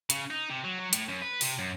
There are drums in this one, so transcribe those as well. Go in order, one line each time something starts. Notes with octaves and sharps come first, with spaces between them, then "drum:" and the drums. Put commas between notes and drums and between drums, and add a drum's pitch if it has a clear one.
C#3, drum: hi-hat
D#4
C3
F#3
F#3
A2, drum: hi-hat
F#2
B4
C3, drum: open hi-hat
F#2